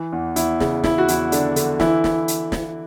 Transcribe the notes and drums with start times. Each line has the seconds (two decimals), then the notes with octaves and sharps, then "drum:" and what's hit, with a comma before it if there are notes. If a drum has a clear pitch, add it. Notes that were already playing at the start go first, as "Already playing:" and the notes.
Already playing: E3
0.12 E2
0.36 E2 E4, drum: hi-hat
0.60 C#3, drum: snare
0.84 E2 E4, drum: snare
0.98 F#4
1.08 E2 E4, drum: hi-hat
1.32 D3 D4, drum: hi-hat
1.56 D3, drum: hi-hat
1.80 E3 E4, drum: snare
2.04 drum: snare
2.28 drum: hi-hat
2.52 drum: snare